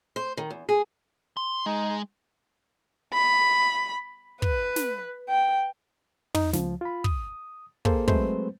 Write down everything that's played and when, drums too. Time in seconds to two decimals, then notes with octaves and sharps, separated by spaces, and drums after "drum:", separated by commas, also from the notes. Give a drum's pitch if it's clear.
0.16 C5
0.37 D#3
0.50 E2
0.69 G#4
1.37 C6
1.66 G#3 D#4
3.13 B5
4.42 B4, drum: kick
4.76 drum: snare
5.29 G5
6.35 D#4, drum: tom
6.53 C#2 F3, drum: snare
6.81 F4 B5
7.04 D#6, drum: kick
7.85 A#3 G#4 A4 C5, drum: kick
8.08 F#3 G#3 A3 C4 B4 C5, drum: kick